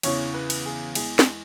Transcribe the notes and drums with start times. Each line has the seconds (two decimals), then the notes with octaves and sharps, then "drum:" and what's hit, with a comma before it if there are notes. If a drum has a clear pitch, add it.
0.03 E2 C#3 E3 C#5, drum: cymbal
0.34 B4
0.50 drum: cymbal
0.66 G#4
0.95 E2 E3 G#3 G#4, drum: cymbal
1.19 drum: snare